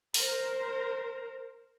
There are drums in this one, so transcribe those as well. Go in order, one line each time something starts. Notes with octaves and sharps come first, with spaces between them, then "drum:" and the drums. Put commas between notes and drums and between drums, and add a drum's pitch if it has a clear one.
A#4 C5, drum: open hi-hat